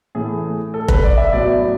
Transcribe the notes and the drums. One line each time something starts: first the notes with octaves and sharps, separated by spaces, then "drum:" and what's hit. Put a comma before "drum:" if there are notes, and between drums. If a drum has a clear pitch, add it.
A2 E3 A3 G#4
A4
B4, drum: kick F1
D5
E5
A2 F#3 B3 D5